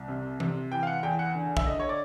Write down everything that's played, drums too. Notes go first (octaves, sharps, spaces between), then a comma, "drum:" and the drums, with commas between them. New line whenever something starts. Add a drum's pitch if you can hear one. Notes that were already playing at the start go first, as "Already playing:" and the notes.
Already playing: C2
C3
C3, drum: tom
E3 G5
F5
F#5
E2 G5
F#5
D3
E5, drum: kick
D3 D#5
C#5
D5